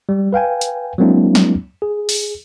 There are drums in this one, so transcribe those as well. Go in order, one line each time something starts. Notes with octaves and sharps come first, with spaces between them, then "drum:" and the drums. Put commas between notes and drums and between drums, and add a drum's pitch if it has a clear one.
G3
B4 F5 G5 G#5
drum: hi-hat
F#3 G#3 A#3 C4 D4 E4
drum: snare
G#4
drum: open hi-hat